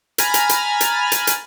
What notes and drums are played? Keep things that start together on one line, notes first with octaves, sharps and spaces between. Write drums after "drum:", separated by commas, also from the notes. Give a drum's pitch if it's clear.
G#5 A#5 B5 F6 A6, drum: hi-hat
drum: hi-hat
drum: hi-hat
drum: hi-hat
drum: hi-hat
drum: hi-hat